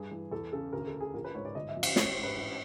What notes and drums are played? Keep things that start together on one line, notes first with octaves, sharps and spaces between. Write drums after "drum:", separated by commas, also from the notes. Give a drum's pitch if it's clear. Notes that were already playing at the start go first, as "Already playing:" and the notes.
Already playing: G2 G#4
E3
E2 A4
C#3 A4
D2 A#4
A4
C#3
G#4
A#1 A#4
B4
G#2 C#5
D5
G1 D#5
E5
F2
F5, drum: cymbal
A1 C#5, drum: snare
C5
G#2
B4
A1